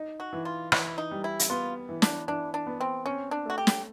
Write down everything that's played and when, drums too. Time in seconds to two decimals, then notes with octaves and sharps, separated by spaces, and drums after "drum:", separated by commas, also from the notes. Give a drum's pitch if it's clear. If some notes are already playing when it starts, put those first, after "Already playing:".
Already playing: D#4
0.20 F#4
0.33 E3
0.45 F4
0.72 E3 E4, drum: rim click
0.98 D#4
1.11 G3
1.24 E4
1.39 drum: hi-hat
1.50 B3 F4
1.89 E3
2.02 D4, drum: snare
2.28 E3 D4
2.54 D4
2.67 B3
2.81 C4
3.06 C4 C#4
3.31 D4
3.45 A3 F#4
3.58 G4
3.67 drum: snare